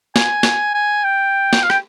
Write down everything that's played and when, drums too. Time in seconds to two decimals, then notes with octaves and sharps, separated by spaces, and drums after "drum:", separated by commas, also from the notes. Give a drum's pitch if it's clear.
0.16 G#5, drum: snare
0.43 drum: snare
0.75 G#5
1.04 G5
1.53 drum: snare
1.63 F5
1.70 G5, drum: rim click